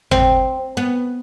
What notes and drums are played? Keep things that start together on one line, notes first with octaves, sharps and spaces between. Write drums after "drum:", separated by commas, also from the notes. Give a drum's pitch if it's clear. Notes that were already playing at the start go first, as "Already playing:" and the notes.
C4, drum: tom
B3